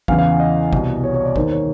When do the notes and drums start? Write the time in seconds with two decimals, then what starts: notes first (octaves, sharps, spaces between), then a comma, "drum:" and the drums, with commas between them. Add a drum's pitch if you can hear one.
0.08 E2 C#3 E3 F5, drum: kick
0.19 F5
0.40 D#5
0.73 C2 B2, drum: kick
1.04 C#5
1.14 C#5
1.25 D5
1.36 D#2 D#3 C5, drum: kick
1.51 C#5